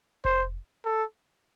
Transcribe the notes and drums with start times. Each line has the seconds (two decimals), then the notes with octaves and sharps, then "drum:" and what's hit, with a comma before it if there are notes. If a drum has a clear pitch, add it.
0.25 C5, drum: kick F1
0.85 A4